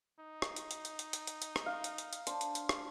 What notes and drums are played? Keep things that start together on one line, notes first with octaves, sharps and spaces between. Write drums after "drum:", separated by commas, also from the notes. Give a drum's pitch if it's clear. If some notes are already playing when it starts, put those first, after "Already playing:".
D#4
drum: rim click
drum: hi-hat
drum: hi-hat
drum: hi-hat
drum: hi-hat
drum: hi-hat
drum: hi-hat
drum: hi-hat
drum: rim click
F5
drum: hi-hat
drum: hi-hat
drum: hi-hat
D4 C5, drum: hi-hat
drum: hi-hat
drum: hi-hat
drum: rim click